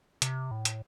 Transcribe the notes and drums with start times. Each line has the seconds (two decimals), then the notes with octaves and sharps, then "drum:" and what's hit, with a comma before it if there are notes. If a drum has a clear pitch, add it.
0.22 C3, drum: hi-hat
0.51 A2
0.65 drum: hi-hat